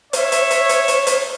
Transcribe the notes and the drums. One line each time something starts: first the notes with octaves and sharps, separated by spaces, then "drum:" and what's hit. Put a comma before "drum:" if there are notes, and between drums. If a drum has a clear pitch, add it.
C#5 E5, drum: hi-hat
drum: hi-hat
drum: hi-hat
drum: hi-hat
drum: hi-hat
drum: hi-hat